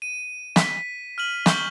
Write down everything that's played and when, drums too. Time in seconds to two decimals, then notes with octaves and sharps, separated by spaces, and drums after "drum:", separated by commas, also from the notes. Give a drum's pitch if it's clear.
0.02 D#7
0.56 B6, drum: snare
1.18 F6 D#7 F#7
1.46 C#6 G6 G7, drum: snare